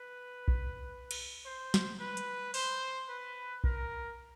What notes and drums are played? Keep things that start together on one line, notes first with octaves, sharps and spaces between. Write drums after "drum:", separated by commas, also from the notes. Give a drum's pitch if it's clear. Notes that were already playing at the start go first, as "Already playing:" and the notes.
Already playing: B4
drum: kick B1
drum: cymbal
C5
drum: snare
B4
drum: hi-hat
C5, drum: open hi-hat
B4
A#4, drum: kick B1